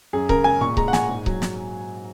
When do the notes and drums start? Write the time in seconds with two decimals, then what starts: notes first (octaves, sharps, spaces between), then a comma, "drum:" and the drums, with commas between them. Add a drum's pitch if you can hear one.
0.13 F#2 G#4
0.29 C#3 A#4, drum: kick C#1
0.44 G#3 G#5
0.61 A#2 C#6
0.77 G#3 A#5, drum: kick C#1
0.88 F#5
0.93 A#2 G#5, drum: snare
1.09 G#2
1.26 F#3, drum: kick C#1
1.42 drum: snare